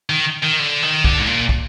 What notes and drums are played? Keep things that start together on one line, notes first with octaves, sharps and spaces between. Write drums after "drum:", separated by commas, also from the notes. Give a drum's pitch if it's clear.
D#3
D#3
D3
D#3
D3, drum: kick
G#2
A#2
drum: kick